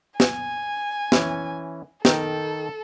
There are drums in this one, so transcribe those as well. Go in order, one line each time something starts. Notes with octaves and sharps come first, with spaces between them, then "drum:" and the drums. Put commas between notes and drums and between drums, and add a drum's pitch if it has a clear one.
G#5, drum: snare
E3 C#4, drum: snare
D#3 A4 G5 A#5, drum: snare